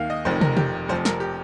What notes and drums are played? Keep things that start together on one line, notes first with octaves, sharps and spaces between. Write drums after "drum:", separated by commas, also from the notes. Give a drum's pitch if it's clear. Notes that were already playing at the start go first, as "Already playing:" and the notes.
Already playing: D#2 D#3 F5
D#5
F1 F2 D#3 C5
A#4, drum: tom
G4, drum: tom
F1 F2 F3 C5
A#4, drum: snare
G4